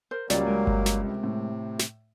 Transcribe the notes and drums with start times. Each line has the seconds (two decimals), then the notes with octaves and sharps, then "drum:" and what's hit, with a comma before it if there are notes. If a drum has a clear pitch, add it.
0.11 A#4 C5
0.30 C#2 F#3 G3 A#3 D5, drum: snare
0.47 G#3 A#4
0.67 drum: kick G1
0.86 drum: snare
1.02 C3
1.24 A2
1.79 drum: snare